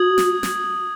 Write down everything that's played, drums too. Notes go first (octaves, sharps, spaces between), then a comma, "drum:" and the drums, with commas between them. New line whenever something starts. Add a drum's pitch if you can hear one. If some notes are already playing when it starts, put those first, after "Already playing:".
Already playing: F#4 D#6 G#6 F#7
drum: snare
drum: snare